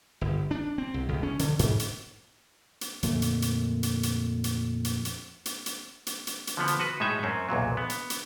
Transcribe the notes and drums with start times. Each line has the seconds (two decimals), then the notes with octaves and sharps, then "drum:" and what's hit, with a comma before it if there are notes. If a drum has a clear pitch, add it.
0.21 G1
0.51 D4
0.78 C4
0.94 C2
1.09 C#2
1.23 C#4
1.39 D3, drum: hi-hat
1.59 G#2, drum: hi-hat
1.80 drum: hi-hat
2.81 drum: hi-hat
3.03 F2 A#2 D3 A3, drum: hi-hat
3.22 drum: hi-hat
3.42 drum: hi-hat
3.83 drum: hi-hat
4.03 drum: hi-hat
4.44 drum: hi-hat
4.85 drum: hi-hat
5.05 drum: hi-hat
5.46 drum: hi-hat
5.66 drum: hi-hat
6.07 drum: hi-hat
6.27 drum: hi-hat
6.47 drum: hi-hat
6.57 D3 F3 B3
6.68 drum: hi-hat
6.80 F#4 B4
7.00 A2 G#3 D#4 E5
7.23 F#2 C4 C#4
7.49 B1 E2 A#2 F#3
7.77 B3
7.90 drum: hi-hat
8.10 drum: hi-hat